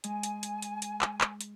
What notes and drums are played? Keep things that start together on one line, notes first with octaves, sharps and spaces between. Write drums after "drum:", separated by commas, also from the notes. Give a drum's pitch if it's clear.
G#3 G#5, drum: hi-hat
drum: hi-hat
drum: hi-hat
drum: hi-hat
drum: hi-hat
drum: clap
drum: clap
drum: hi-hat